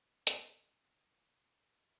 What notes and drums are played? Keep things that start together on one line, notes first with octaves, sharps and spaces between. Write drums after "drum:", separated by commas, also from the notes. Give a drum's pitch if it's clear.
B3
B3, drum: hi-hat
B3
A#2 C#5
B3
F#3
A#2
A#2
F#3
B3